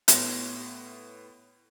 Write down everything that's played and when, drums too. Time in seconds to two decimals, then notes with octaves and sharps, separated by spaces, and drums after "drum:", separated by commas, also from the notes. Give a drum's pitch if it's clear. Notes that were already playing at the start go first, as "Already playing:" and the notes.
0.08 A2 B3 C#5 C6 G#6 A#6, drum: hi-hat